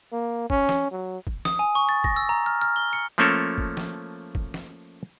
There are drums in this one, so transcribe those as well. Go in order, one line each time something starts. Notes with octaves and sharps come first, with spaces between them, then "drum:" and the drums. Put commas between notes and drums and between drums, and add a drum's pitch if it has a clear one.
A#3
C#4, drum: kick
drum: snare
F#3
drum: kick
D#6, drum: snare
G#5
C#6
A6
A#6, drum: kick
E6
A#5
F6
F6
G7
C#7
F3 A3 A#3 C#4 A4 A#4
drum: kick
drum: snare
drum: kick
drum: snare